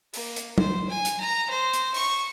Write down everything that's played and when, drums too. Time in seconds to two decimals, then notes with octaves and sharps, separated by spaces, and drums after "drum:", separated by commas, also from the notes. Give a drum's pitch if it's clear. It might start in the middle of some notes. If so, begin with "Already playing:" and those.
0.14 A#3, drum: open hi-hat
0.36 drum: hi-hat
0.58 C5, drum: tom
0.88 G#5
1.05 drum: hi-hat
1.20 A#5
1.50 C5
1.73 drum: hi-hat
1.94 C#6, drum: open hi-hat